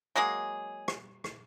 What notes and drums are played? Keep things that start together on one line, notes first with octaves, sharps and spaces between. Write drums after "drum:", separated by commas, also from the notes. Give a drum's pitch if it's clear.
F#3 G#3 A#3 G#4
drum: rim click
drum: rim click